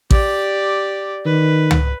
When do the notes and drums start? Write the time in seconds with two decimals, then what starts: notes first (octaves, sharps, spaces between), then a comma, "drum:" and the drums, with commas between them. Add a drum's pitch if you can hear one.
0.11 G4 D5, drum: kick A1
1.26 D#3 B4
1.71 drum: tom